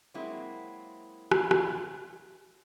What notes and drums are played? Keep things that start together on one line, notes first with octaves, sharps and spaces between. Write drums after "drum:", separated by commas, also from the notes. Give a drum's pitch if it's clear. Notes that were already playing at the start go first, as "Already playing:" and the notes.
F#3 G#3 A#3 C4 E4
drum: rim click
drum: rim click